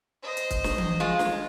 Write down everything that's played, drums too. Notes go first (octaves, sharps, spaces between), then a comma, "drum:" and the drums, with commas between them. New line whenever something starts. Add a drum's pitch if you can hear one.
C5 D#5
drum: hi-hat
drum: kick, hi-hat
drum: snare
drum: tom E3
G#3 F4
drum: snare